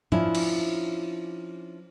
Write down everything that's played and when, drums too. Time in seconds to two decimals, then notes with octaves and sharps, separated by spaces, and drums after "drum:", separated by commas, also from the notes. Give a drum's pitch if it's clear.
0.12 F3 C#4 D4 E4, drum: tom G#2
0.35 drum: cymbal